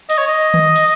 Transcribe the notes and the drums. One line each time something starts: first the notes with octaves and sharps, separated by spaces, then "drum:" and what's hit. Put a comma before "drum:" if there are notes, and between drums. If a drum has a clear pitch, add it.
D#5, drum: cymbal
C#5
D#5
drum: tom D#3
drum: cymbal